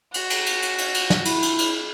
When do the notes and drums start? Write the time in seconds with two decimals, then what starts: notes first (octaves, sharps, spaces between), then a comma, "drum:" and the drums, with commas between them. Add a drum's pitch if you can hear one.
0.14 F#4, drum: cymbal
0.30 drum: cymbal
0.46 drum: cymbal
0.62 drum: cymbal
0.78 drum: cymbal
0.94 drum: cymbal
1.10 drum: snare
1.25 E4, drum: cymbal
1.42 drum: cymbal
1.59 drum: cymbal